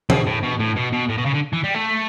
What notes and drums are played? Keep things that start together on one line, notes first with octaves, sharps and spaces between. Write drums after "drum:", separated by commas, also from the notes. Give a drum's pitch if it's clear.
B2, drum: tom E3
A2
B2
A2
B2
B2
A2
B2
C#3
D3
E3
G3
A3